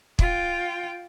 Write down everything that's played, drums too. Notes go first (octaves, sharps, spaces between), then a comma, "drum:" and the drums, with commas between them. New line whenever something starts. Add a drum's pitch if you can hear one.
F4 G5, drum: kick